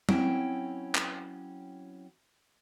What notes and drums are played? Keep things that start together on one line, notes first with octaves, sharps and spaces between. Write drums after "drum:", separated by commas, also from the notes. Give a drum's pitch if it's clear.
F#3 C4 C#4 E4 G5, drum: tom F#3
drum: clap